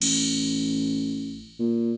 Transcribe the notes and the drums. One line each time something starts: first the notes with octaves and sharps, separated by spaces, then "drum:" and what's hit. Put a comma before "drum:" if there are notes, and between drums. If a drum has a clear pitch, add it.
A1, drum: cymbal
A#2